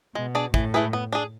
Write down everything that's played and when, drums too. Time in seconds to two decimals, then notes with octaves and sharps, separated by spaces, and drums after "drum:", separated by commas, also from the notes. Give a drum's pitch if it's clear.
0.15 B2 G#3
0.35 D4 G#4 D5
0.54 A2 E3, drum: kick
0.74 A3 E4 G#4 B4
0.93 B3
1.12 D4 G#4